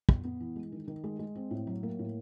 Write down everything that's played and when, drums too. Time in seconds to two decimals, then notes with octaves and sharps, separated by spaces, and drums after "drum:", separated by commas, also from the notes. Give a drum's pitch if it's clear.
0.09 B3, drum: kick
0.24 B3
0.40 E3
0.56 G#3
0.72 D#3
0.87 D#3
1.04 G#3
1.19 G#3
1.35 C4
1.51 A2
1.67 F#3
1.83 A#3
1.99 A2